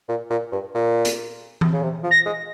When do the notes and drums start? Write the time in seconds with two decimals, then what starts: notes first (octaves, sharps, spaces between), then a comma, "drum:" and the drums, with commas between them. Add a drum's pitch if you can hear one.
0.09 A#2
0.30 A#2
0.52 G2
0.75 A#2
1.05 drum: hi-hat
1.61 drum: tom E3
1.73 C#3
1.83 C3
2.03 F3
2.11 A#6
2.26 G#3